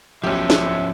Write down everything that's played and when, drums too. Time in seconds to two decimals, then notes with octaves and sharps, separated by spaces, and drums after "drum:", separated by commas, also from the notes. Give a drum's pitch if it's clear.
0.24 B1 F3 C#4 G4 E5
0.50 drum: snare